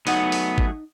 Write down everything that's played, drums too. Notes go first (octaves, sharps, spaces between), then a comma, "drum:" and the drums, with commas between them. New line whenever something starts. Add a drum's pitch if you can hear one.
F#3 A3 B3 D#4 G#4 F#5 D#7, drum: open hi-hat
drum: open hi-hat
drum: kick G#1